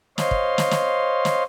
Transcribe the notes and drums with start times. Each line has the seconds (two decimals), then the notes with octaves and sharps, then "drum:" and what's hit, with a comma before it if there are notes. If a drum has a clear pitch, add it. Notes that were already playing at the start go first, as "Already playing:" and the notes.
0.18 C5 C#5 D#5 F5 C6, drum: snare
0.31 drum: kick
0.58 drum: snare
0.71 drum: snare
1.25 drum: snare